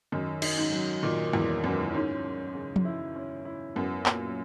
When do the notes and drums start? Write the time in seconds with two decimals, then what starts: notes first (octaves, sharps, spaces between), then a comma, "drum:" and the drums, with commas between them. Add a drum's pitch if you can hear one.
0.12 F#2 D#3
0.42 D#4, drum: cymbal
0.57 G#2
0.72 F#3
1.03 A#2 D#3
1.33 E2 F#3
1.64 F#2 B3
1.94 G#2 C#4
2.24 C#4
2.55 C#3
2.76 drum: tom F3
2.85 E4
3.16 C#4
3.45 E4
3.76 F#2 B3
4.06 A#2, drum: clap